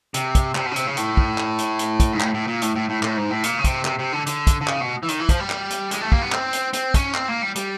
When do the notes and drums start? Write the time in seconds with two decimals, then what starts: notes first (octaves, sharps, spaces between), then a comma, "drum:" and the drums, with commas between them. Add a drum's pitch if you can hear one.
0.14 C3, drum: hi-hat
0.35 drum: kick, hi-hat
0.55 C3, drum: clap
0.66 B2
0.71 C#3
0.76 C3, drum: hi-hat
0.87 C#3
0.97 A2, drum: hi-hat
1.17 drum: kick
1.38 drum: clap
1.58 drum: hi-hat
1.79 drum: hi-hat
2.00 drum: kick, hi-hat
2.13 G#2
2.20 A2, drum: clap
2.34 A2
2.47 A#2
2.62 A2, drum: hi-hat
2.76 A2
2.89 A2
3.03 A2, drum: clap
3.16 G#2
3.30 A2
3.44 A#2, drum: hi-hat
3.59 C#3
3.64 C3, drum: kick, hi-hat
3.85 C3, drum: clap
3.99 C3
4.12 D3
4.26 D3, drum: hi-hat
4.47 drum: kick, hi-hat
4.61 D3
4.67 C#3, drum: clap
4.81 B2
5.03 E3
5.08 D#3, drum: hi-hat
5.20 E3
5.29 F3, drum: kick, hi-hat
5.40 G3
5.50 drum: clap
5.70 drum: hi-hat
5.91 G#3, drum: hi-hat
6.01 A3
6.12 A#3, drum: kick
6.22 B3
6.32 C4, drum: clap
6.53 drum: hi-hat
6.73 C4, drum: hi-hat
6.94 C#4, drum: kick, hi-hat
7.14 C4, drum: clap
7.28 A#3
7.42 G3
7.56 G3, drum: hi-hat